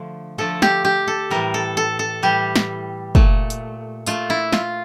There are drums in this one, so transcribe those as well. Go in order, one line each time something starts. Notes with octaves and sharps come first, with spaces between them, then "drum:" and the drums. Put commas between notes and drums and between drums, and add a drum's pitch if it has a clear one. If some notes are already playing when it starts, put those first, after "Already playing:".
Already playing: D3 F3 A3
D3 F3 A3 A4
G4, drum: snare
G4
A4
A2 E3 G3 A#4
A4
A4
A4
A2 E3 G3 G4
drum: snare
A#2 A3, drum: kick
drum: hi-hat
A#2 A3 F4, drum: tambourine
E4
F4, drum: snare